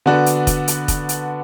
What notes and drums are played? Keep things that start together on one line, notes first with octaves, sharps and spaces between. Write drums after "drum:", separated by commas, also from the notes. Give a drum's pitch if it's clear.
D3 B3 D4 F#4 B4
drum: hi-hat
drum: kick F1, hi-hat
drum: hi-hat
drum: kick F1, hi-hat
drum: hi-hat